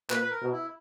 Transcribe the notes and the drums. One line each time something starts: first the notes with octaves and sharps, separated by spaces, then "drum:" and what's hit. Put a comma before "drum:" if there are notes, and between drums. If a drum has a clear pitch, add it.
A#2 B4, drum: clap
B4
A#4
B2
E4